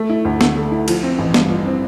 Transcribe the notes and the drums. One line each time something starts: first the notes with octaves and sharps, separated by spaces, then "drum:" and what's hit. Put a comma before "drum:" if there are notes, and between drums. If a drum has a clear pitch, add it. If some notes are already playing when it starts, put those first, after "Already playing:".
Already playing: A3
E4
D2
D3, drum: snare
A3
E4
F3, drum: cymbal
C4
A1
G2, drum: snare
F3
C4